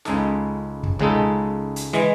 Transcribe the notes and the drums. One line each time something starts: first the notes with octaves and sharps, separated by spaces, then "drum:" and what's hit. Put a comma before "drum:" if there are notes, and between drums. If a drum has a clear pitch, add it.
C#2 C#3 G#3 D#4 A4, drum: snare
drum: kick
C#2 C#3 G#3 D#4 A4, drum: tom B2
drum: hi-hat
E3 G#3, drum: snare